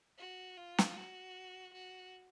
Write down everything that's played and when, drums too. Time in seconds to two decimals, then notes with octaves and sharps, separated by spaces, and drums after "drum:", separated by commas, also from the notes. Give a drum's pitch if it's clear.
0.18 F#4
0.57 F4
0.78 drum: snare
0.97 F#4
1.73 F#4